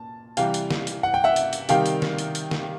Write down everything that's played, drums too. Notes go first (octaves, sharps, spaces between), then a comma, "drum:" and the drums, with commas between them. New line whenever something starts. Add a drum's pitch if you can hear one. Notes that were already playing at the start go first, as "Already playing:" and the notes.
Already playing: A#2 A5
C3 E3 G3 F5 G5, drum: hi-hat
drum: hi-hat
drum: snare
drum: hi-hat
F#5
G5
E5 F#5
drum: hi-hat
drum: hi-hat
C3 D#3 G3 F5 G5, drum: hi-hat
drum: hi-hat
drum: snare
drum: hi-hat
drum: hi-hat
drum: snare